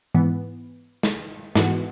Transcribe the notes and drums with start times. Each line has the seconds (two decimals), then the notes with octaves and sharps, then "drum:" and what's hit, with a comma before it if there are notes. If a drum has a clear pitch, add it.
0.15 G#2 E3 B3
1.03 drum: snare
1.55 G#2 E3 B3 F#4, drum: snare